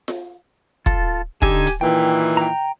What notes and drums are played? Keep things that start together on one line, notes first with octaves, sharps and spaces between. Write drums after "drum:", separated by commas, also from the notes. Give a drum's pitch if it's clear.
drum: snare F4
F4 A4, drum: kick
D3 D#4 G4 G#5 E6, drum: kick
drum: hi-hat
A#2 D#3 E3 G5
G5 A#5